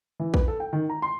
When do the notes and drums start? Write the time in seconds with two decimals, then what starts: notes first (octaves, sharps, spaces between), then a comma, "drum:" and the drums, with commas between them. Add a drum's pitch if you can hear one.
0.20 E3
0.34 B4, drum: kick
0.48 A4
0.60 G5
0.73 D#3
0.90 A#5
1.02 C6